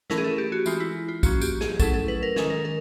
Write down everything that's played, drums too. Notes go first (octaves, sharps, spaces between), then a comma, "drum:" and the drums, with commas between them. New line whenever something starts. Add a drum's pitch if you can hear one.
E3 A3 C#4 E4 A#4, drum: snare
G#4
A4
G4
F#4
E3 G#3 C4 F4, drum: tambourine
E4
F4
F3 A#3 C#4 F#4, drum: kick, tambourine
G4, drum: tambourine
G#4, drum: snare
F#3 A3 C#4 E4 A4, drum: kick, tambourine
A4
B4
A#4
D#3 G#3 C#4 A4, drum: snare
A#4
A#4